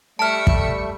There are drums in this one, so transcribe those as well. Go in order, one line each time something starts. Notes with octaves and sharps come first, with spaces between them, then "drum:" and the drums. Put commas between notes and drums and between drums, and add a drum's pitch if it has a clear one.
G3 A3 E5 A5 F6 C#7
drum: kick